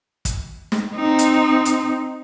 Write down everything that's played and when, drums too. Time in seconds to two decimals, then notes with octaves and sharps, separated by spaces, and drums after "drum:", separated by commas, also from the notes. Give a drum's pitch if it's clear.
0.25 drum: kick, hi-hat
0.72 drum: snare
0.95 C4 D#4
1.19 drum: hi-hat
1.65 drum: hi-hat